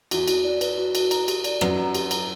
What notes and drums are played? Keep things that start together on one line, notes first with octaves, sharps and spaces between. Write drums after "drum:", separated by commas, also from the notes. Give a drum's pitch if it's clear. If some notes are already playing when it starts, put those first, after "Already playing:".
E2 E3 F#4, drum: cymbal
F#4, drum: cymbal
D5
B4, drum: cymbal
F#4
F#4, drum: cymbal
A#5, drum: cymbal
G4, drum: cymbal
D5, drum: cymbal
F#2 F#3 B4, drum: rim click
A#5
G4, drum: cymbal
A#5, drum: cymbal